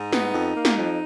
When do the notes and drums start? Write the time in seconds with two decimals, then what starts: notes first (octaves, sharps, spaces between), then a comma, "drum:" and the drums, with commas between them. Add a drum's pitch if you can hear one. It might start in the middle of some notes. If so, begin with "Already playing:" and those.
Already playing: G#2 D#4
0.13 B3, drum: snare
0.33 F2
0.55 A#3
0.65 drum: snare
0.76 F2